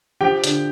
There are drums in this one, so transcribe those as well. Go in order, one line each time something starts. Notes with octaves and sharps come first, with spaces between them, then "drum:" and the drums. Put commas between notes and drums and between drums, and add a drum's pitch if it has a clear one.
F3 G4 G5
D3, drum: hi-hat